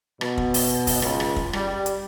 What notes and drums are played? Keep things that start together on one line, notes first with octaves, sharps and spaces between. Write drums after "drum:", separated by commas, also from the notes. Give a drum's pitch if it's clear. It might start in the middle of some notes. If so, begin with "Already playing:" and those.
B2, drum: rim click
drum: kick
drum: open hi-hat
drum: kick, open hi-hat
C#2, drum: rim click
drum: rim click
drum: kick
G3, drum: rim click
drum: hi-hat